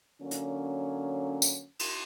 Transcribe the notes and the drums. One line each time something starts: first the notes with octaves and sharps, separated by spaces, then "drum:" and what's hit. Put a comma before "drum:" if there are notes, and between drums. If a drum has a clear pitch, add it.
D3 F#3 A#3 C#4
drum: hi-hat
drum: tambourine
drum: cymbal